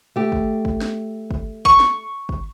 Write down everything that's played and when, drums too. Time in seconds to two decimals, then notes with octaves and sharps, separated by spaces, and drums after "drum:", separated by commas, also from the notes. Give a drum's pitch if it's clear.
0.16 A3 G4
0.32 drum: kick
0.65 drum: kick
0.81 drum: snare
1.31 drum: kick
1.65 C#6, drum: kick
1.80 drum: snare
2.29 drum: kick